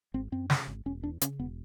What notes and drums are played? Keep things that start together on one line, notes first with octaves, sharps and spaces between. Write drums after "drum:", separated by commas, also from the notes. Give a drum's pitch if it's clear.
G#1 C4
F#2 C4
C#3, drum: snare
G#1
E1 C#4
E2 D4
C#3 C#4, drum: hi-hat
E1 B3